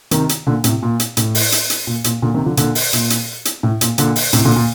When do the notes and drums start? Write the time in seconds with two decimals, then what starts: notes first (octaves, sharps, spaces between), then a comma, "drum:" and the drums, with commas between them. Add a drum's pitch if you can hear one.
0.11 C3 D#3, drum: hi-hat
0.29 drum: hi-hat
0.47 A#2 D3
0.64 A2 C3, drum: hi-hat
0.82 A#2
1.00 drum: hi-hat
1.17 A2, drum: hi-hat
1.35 drum: open hi-hat
1.52 drum: hi-hat
1.70 drum: hi-hat
1.87 A#2
2.04 A#2, drum: hi-hat
2.22 A#2 D3
2.34 C3 D#3
2.46 D3 F3
2.57 A#2 D3, drum: hi-hat
2.75 drum: open hi-hat
2.93 A#2, drum: hi-hat
3.10 drum: hi-hat
3.45 drum: hi-hat
3.63 A2
3.81 A#2, drum: hi-hat
3.98 A#2 D3, drum: hi-hat
4.16 drum: open hi-hat
4.33 A2 C3, drum: hi-hat
4.45 A#2 D3
4.56 A#2